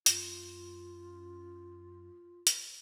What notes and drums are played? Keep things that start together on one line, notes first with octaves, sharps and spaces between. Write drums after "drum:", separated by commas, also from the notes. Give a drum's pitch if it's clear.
F#2 F4, drum: hi-hat
drum: hi-hat